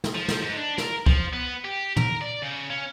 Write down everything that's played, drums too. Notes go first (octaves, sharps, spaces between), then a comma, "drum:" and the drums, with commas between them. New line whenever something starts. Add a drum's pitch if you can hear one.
drum: snare
F3
drum: snare
G#2
D4
A#4, drum: snare
F3, drum: kick
B3
G4
A#4, drum: tom
D5
C#3
C#4